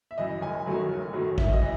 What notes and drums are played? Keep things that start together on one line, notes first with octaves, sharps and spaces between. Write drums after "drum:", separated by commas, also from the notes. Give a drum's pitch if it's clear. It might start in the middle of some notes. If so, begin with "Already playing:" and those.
E5
F#2 E3 D#5
F#1 G#5
F#2 D#3 F#3 A3
F#1
F#2 D#3 F#3 A3
F#2 E5, drum: kick A1
D#5
E3